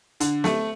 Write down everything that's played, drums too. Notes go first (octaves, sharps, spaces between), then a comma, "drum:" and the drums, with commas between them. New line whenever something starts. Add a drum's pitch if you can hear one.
D3, drum: hi-hat
A3, drum: snare